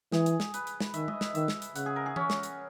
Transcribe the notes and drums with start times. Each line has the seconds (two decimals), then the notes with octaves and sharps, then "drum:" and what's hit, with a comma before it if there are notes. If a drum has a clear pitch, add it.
0.12 E3 G#4, drum: snare
0.26 drum: hi-hat
0.40 drum: snare
0.54 B4, drum: hi-hat
0.67 drum: hi-hat
0.80 drum: snare
0.94 D#3 E5, drum: hi-hat
1.08 D#5, drum: tom G#3
1.21 E5, drum: snare
1.35 D#3 E5, drum: hi-hat
1.48 drum: snare
1.62 drum: hi-hat
1.76 C#3 F#5, drum: hi-hat
1.86 G#4
1.96 A#4
2.06 G#4
2.16 C#4, drum: tom E3
2.30 drum: snare
2.43 drum: hi-hat